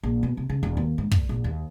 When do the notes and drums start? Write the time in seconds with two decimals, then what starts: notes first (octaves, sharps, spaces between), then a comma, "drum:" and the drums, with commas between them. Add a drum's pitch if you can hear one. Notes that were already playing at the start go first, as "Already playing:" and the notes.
0.03 A#1
0.23 B2
0.37 C3
0.49 C#3
0.63 E1
0.77 D#2
0.98 G#2
1.11 D2, drum: kick
1.29 A#1
1.44 D#2